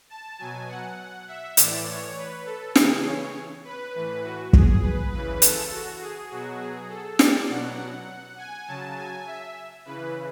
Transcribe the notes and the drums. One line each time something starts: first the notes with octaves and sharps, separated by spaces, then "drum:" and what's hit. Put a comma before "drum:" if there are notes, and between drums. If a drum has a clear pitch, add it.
A5
B2 F#3 G#5
F#5
E5
A2 E3 D5, drum: hi-hat
C#5
B4
A4
C#3 E3 G#4, drum: snare
C#5
B4
A2 E3
F#4
G#4, drum: kick
B4
C#3 E3 B4
A4, drum: hi-hat
F#4
G#4
B2 F#3 F#4
G#4
A4
D5, drum: snare
B2 F#3 F#5
G#5
C#3 F#3 A5
G#5
E5
C#3 E3 B4